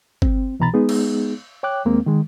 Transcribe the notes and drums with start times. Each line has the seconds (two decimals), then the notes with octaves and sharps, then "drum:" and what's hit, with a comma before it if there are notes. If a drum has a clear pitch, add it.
0.22 C4, drum: kick G1
0.60 C2 B2 E3 A#5 B5 A6
0.74 G#3 B3 D#4 G#4
0.89 drum: cymbal
1.63 C#5 G5 D6 F#6
1.85 D#2 G#3 A#3 C4
2.06 D#3 G#3